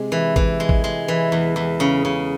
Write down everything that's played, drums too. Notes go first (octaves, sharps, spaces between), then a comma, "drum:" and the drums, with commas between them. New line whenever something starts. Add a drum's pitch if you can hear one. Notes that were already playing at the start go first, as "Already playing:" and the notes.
Already playing: C3 G#3
E3
E3, drum: kick A1
G#3
drum: kick A1
G#3
E3
E2
E2
C#3
C#3